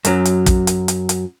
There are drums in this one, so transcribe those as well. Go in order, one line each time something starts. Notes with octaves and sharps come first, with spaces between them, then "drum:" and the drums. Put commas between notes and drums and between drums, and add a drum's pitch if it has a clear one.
F#2 F#3, drum: hi-hat
drum: hi-hat
drum: kick, hi-hat
drum: hi-hat
drum: hi-hat
drum: hi-hat